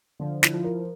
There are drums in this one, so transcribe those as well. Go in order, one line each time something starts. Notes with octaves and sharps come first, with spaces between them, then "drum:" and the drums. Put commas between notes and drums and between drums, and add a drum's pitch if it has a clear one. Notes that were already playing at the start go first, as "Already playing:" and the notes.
D3 F3
E4, drum: snare
F3
A#4